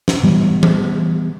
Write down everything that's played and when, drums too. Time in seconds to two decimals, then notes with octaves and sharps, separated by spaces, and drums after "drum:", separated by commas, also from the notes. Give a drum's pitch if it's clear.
0.08 drum: snare
0.23 E3 G3 B3
0.63 drum: tom E3